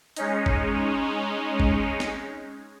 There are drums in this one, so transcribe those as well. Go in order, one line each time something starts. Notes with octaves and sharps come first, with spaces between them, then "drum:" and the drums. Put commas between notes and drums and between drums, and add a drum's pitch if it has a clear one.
G#3 C#4 D#4, drum: hi-hat
drum: kick G1
drum: kick G1
drum: snare